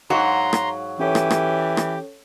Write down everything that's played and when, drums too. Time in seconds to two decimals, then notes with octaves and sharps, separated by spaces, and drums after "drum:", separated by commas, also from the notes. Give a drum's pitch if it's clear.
0.10 G#2 F#3 F#4 F5 A#5 C6
0.53 drum: rim click
0.99 E3 C#4 G4 A4 C#5
1.15 drum: rim click
1.31 drum: rim click
1.77 drum: rim click